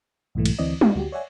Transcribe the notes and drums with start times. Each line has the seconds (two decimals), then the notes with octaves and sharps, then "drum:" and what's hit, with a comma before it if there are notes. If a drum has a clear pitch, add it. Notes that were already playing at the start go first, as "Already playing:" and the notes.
0.35 B1 G#2 E3 A3
0.46 drum: cymbal
0.59 D2 E3 C4 D5 D#5
0.81 G4, drum: tom
0.95 D2 F#4 G4
1.12 C#5 D5 E5 F#5 G#5